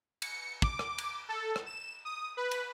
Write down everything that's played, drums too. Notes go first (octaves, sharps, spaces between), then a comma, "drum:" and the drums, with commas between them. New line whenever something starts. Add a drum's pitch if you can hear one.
C#7, drum: cymbal
D6, drum: kick
drum: rim click
drum: cymbal
A4
drum: rim click
E7
D#6
B4
drum: cymbal